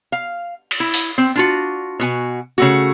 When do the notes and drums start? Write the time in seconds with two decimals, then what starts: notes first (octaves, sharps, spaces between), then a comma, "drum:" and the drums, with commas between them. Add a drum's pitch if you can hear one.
0.12 F5
0.71 drum: cymbal
0.80 E4
0.94 drum: open hi-hat
1.18 C4
1.36 D4 F4 F#4
2.00 B2 F#4 G#5
2.58 C#3 A3 F#4